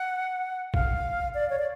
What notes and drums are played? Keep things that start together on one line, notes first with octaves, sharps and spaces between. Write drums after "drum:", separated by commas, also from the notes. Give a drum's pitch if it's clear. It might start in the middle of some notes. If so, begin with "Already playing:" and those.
Already playing: F#5
F5, drum: kick
D5
C#5
D5